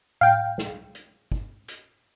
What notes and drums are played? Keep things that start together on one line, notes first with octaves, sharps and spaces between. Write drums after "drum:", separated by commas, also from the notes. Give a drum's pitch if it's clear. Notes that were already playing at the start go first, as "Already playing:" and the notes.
F5 G5, drum: tom A2
drum: snare
drum: hi-hat
drum: kick
drum: hi-hat